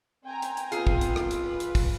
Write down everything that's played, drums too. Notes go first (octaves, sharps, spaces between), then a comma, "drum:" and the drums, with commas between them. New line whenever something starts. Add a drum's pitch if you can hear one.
C4 G5 G#5 A#5
drum: hi-hat
drum: hi-hat
B3 F4 G#4, drum: hi-hat
drum: kick
drum: hi-hat
drum: rim click
drum: hi-hat
E3 B4
drum: hi-hat
drum: kick, open hi-hat